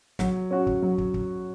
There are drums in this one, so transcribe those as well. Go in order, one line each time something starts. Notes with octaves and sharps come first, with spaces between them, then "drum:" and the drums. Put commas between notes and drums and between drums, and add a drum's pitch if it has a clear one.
F#3, drum: snare
C#4 F#4
drum: kick
F#3
drum: kick
drum: kick